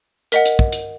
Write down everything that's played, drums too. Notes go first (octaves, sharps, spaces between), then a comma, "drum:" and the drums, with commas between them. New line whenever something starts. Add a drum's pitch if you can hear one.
A#4 D#5 F#5 B6, drum: hi-hat
drum: hi-hat
drum: kick
drum: hi-hat